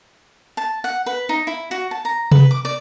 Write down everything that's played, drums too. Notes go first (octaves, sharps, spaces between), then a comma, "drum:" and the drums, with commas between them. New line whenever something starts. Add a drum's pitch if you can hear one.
A5
F#5
B4
D#4
E4
F#4
A5
A#5
B4, drum: tom C3
D6
D5